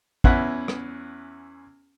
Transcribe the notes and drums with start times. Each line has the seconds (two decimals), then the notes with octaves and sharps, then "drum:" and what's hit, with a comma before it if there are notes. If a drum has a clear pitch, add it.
0.24 E2 C#4 E4 B4 F#5, drum: kick
0.68 drum: rim click